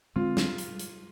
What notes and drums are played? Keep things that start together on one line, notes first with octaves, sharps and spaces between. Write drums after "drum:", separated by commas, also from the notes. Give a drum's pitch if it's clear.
D3 G#3 C4 F4
drum: snare
drum: hi-hat
drum: hi-hat